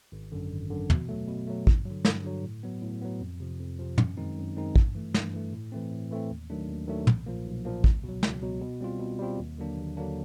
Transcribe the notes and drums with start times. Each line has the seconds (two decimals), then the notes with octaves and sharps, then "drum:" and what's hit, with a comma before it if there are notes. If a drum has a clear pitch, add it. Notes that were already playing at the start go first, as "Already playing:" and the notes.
0.12 G#1
0.32 F#2 D3
0.51 G#1
0.70 F#2 D3
0.90 B2, drum: tom
1.09 F#3 A3
1.28 B2
1.47 F#3 A3
1.67 G2, drum: kick
1.86 D3 F#3
2.05 G2, drum: snare
2.24 D3 F#3
2.43 A2
2.63 F#3 B3
2.82 A2
3.02 F#3 B3
3.21 F2
3.40 C3 F3
3.60 F2
3.79 C3 F3
3.98 F#2, drum: tom
4.17 D#3 G#3 C4 D#4
4.37 F#2
4.57 D#3 G#3 C4 D#4
4.76 G2, drum: kick
4.95 E3 A3
5.14 G2, drum: snare
5.33 E3 A3
5.53 A2
5.72 E3 A3 C4
5.91 A2
6.11 E3 A3 C4
6.31 D#2
6.50 D#3 F#3 A3 D4
6.68 D#2
6.88 D#3 F#3 A3 D4
7.07 B1, drum: tom
7.26 A#2 F3 A#3
7.46 B1
7.65 A#2 F3 A#3
7.84 C#2, drum: kick
8.04 B2
8.09 F#3
8.23 C#2, drum: snare
8.43 B2 F#3
8.62 B2
8.81 G3 C4 F4
9.00 B2
9.19 G3 C4 F4
9.39 D#2
9.58 D3 F#3 A#3 D4
9.77 D#2
9.97 D3 F#3 A#3 D4